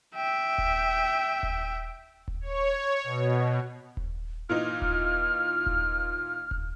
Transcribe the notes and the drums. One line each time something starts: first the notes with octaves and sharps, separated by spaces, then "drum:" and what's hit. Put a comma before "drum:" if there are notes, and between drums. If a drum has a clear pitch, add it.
E5 G5
drum: kick D#1
drum: kick D#1
drum: kick D#1
C#5
B2
drum: kick D#1
A#2 E3 D#4 F6
drum: kick D#1
drum: kick D#1
drum: kick D#1